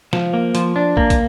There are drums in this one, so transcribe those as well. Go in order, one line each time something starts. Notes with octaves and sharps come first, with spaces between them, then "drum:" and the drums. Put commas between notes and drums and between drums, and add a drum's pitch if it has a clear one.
F3, drum: snare
A#3
F3, drum: hi-hat
D4
A#3, drum: kick
drum: kick, hi-hat